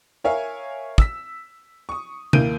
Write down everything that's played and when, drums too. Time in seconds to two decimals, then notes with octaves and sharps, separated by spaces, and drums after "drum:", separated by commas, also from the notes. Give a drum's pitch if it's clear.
0.24 A#4 C#5 E5 F5 G#5
0.98 E6 B6, drum: kick
1.89 C#6 D#6
2.33 D#2 A#3 E4 G6 D7 D#7, drum: tom C3